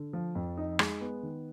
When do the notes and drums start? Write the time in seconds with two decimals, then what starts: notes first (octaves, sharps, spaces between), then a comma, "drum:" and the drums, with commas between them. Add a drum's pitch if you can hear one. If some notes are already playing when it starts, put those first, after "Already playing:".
Already playing: D3
0.13 F3
0.35 F2
0.57 D#4
0.79 G#3, drum: rim click
1.01 B3
1.23 D#3